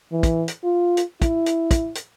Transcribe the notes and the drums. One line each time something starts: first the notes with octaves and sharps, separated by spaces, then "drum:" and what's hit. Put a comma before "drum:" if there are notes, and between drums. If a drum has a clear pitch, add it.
E3
drum: kick, hi-hat
drum: hi-hat
F4
drum: hi-hat
E4, drum: kick, hi-hat
drum: hi-hat
drum: kick, hi-hat
drum: hi-hat